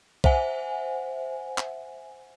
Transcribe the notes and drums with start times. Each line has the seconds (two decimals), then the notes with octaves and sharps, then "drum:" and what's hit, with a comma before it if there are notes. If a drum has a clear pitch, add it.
0.24 C5 E5 F#5 G#5, drum: kick B1
1.58 drum: clap